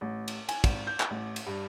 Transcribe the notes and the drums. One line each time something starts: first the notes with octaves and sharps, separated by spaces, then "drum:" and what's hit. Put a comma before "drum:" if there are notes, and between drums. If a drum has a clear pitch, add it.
A1
drum: cymbal
G#5, drum: cymbal
G#1, drum: kick, cymbal
G6
drum: clap
A1
drum: cymbal
G2